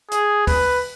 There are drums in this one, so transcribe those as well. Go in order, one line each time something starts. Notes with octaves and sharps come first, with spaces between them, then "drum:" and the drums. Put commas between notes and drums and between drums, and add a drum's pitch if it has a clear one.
G#4, drum: hi-hat
B4, drum: kick, open hi-hat